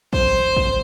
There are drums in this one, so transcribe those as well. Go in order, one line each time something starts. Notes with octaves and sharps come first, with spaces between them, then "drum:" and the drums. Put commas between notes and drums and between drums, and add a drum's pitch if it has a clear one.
C5, drum: kick
drum: kick